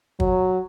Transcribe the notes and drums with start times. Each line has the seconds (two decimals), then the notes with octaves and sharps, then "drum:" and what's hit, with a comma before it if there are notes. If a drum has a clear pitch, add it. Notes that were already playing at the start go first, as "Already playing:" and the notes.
0.20 F#3, drum: kick